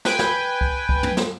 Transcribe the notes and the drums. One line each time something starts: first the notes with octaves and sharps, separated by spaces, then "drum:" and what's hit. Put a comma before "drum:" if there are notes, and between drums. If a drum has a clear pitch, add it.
B4 G5 G#5, drum: snare
drum: snare
drum: kick C2
drum: kick C2
drum: tom
drum: snare